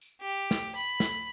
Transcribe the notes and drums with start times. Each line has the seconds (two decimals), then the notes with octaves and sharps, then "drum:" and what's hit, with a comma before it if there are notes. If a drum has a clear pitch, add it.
0.01 drum: tambourine
0.21 G4
0.51 drum: snare
0.76 B5, drum: tambourine
1.00 drum: snare